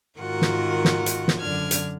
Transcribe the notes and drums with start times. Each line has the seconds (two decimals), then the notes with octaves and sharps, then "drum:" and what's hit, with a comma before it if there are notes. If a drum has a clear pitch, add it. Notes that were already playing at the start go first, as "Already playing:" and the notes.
0.20 G#2 D#3 F4 F#4 A#4 F#5
0.42 drum: snare
0.85 drum: snare
1.06 drum: hi-hat
1.28 drum: snare
1.40 F#2 D3 D4 F6 G#6
1.71 drum: hi-hat